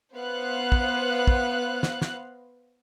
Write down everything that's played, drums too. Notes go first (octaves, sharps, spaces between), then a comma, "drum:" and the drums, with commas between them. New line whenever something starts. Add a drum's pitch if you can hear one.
B3 C5 F5 F#6
drum: kick
drum: kick
drum: snare
drum: snare